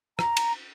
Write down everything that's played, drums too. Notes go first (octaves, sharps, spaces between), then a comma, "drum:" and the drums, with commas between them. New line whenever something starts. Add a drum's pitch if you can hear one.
A#5, drum: rim click
drum: cymbal